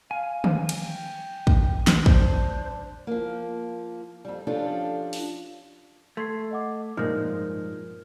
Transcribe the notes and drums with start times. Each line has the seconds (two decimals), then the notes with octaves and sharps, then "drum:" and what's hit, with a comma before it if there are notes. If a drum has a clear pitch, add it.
0.11 F5 G#5
0.44 drum: tom D3
0.69 drum: cymbal
0.81 G5
1.47 drum: kick
1.87 drum: snare
2.06 D4 C5, drum: kick
3.07 F3 A#3
4.25 F2 G3
4.47 F3 C#4 D4 F4 G4 A4
5.13 drum: open hi-hat
6.17 A3 C6 G#6 C7
6.51 D#5 F#5 D6
6.97 G2 A#2 F3 G#3 D#4 A#4 F6